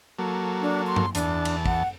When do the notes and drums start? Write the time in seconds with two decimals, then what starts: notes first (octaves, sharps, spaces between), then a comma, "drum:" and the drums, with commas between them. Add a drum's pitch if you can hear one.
0.19 F#3 A#3 A4
0.62 D4
0.87 C6
0.96 drum: tom G2
1.15 E2 D4 A5, drum: hi-hat
1.45 drum: cymbal
1.66 F#5, drum: kick